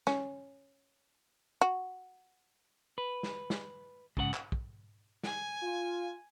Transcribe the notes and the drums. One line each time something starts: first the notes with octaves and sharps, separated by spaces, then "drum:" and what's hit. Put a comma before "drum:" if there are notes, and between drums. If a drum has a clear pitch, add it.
C#4, drum: snare
F#4
B4
drum: snare
drum: snare
G#2 C#3 A4 F#5, drum: kick
drum: clap
drum: kick
G#5, drum: snare
F4